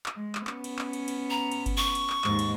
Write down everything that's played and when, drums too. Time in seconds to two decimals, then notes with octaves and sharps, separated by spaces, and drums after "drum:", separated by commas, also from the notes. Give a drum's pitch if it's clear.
0.06 drum: clap
0.16 G#3
0.35 drum: clap
0.47 B3 C#4, drum: clap
0.64 drum: cymbal
0.79 drum: clap
0.93 drum: cymbal
1.08 drum: cymbal
1.30 A#5
1.52 drum: cymbal
1.66 drum: kick G1, cymbal
1.77 C#6
1.95 drum: cymbal
2.10 drum: clap
2.24 D#2 G#2, drum: clap
2.39 drum: cymbal